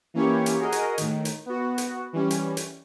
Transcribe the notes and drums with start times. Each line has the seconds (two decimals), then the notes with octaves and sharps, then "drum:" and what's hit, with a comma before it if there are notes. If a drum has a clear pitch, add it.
0.14 E3 A#3 C#4 E4 G4 C#5
0.46 drum: hi-hat
0.59 F#4 G#4 A#4 D#5
0.72 drum: hi-hat
0.98 A2 D#3, drum: hi-hat
1.25 drum: hi-hat
1.46 B3 F#4
1.78 drum: hi-hat
2.13 E3 G3 C#4
2.30 drum: hi-hat
2.57 drum: hi-hat